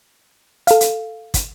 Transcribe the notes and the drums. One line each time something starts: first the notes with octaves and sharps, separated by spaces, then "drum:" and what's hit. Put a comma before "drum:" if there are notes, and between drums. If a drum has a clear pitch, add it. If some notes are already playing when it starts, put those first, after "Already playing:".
A4 F5, drum: hi-hat
drum: hi-hat
drum: kick, hi-hat